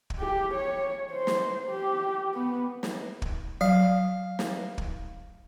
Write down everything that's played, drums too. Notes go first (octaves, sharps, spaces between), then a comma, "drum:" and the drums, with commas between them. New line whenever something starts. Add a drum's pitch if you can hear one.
drum: kick
G4
C#5
C5
drum: snare
G4
B3
drum: snare
drum: kick
F#3 F5
drum: snare
drum: kick